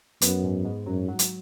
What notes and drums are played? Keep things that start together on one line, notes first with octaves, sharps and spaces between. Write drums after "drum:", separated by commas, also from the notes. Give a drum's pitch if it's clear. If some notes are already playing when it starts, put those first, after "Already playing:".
F#2 B3, drum: hi-hat
G#2
G#2
F#2 F#3
F#3
drum: hi-hat